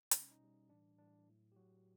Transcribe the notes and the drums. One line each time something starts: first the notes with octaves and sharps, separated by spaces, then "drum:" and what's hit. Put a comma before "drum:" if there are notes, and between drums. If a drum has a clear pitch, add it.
B2 G3 D#4, drum: hi-hat
C#4
D#4
B2 G3
A2 E3 G3 D4
A2 E3 G3 D4
A2 F#3
G4
A2 F#3 F#4